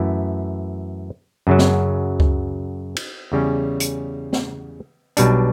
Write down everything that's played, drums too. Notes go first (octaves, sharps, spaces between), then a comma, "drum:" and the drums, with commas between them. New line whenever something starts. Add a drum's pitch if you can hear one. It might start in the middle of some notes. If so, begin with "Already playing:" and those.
Already playing: F#2 E3 A3 E4
F#2 C#3 F#3
drum: snare
drum: kick C#2
drum: cymbal
E2 C#3 G3 C#4
drum: hi-hat
drum: snare
B1 B2 G3 D4, drum: hi-hat